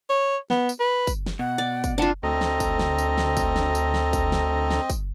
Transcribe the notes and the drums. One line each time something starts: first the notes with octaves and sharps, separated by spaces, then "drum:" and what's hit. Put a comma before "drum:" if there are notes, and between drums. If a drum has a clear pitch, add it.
C#5
B3, drum: snare
drum: tambourine
B4
drum: kick, tambourine
drum: snare
B2 F#5
D5
drum: kick, tambourine
C3 D4 F4 F#5 A5
D2 C4 A4 D#5 A#5
drum: snare
drum: kick, tambourine
drum: snare
drum: tambourine
drum: snare
drum: kick, tambourine
drum: snare
drum: tambourine
drum: snare
drum: kick, tambourine
drum: snare
drum: snare
drum: kick, tambourine